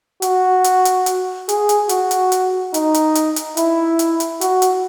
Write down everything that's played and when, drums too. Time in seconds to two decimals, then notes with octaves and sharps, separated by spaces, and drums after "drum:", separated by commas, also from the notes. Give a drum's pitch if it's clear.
0.22 F#4, drum: hi-hat
0.64 drum: hi-hat
0.85 drum: hi-hat
1.06 drum: hi-hat
1.49 G#4, drum: hi-hat
1.69 drum: hi-hat
1.89 F#4, drum: hi-hat
2.11 drum: hi-hat
2.32 drum: hi-hat
2.74 D#4, drum: hi-hat
2.94 drum: hi-hat
3.15 drum: hi-hat
3.36 drum: hi-hat
3.57 E4, drum: hi-hat
3.99 drum: hi-hat
4.20 drum: hi-hat
4.41 F#4, drum: hi-hat
4.62 drum: hi-hat